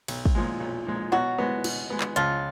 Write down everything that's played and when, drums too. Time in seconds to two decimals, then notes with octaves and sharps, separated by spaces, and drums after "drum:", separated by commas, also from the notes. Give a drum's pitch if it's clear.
0.08 B1, drum: cymbal
0.26 drum: kick
0.35 A#2 F3 G#3
0.60 B1
0.87 A#2 F3 G#3
1.12 B2 F#3 F#4
1.38 G#3 B3
1.64 B2, drum: cymbal
1.90 G#3 B3
2.00 drum: clap
2.16 C#2 F3 F4, drum: hi-hat